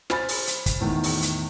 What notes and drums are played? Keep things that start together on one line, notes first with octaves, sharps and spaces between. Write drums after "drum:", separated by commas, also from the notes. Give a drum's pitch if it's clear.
C5 G#5 B5 F6 A6, drum: snare
drum: open hi-hat
drum: hi-hat
drum: kick, hi-hat
E2 A2 D#3
drum: open hi-hat
drum: hi-hat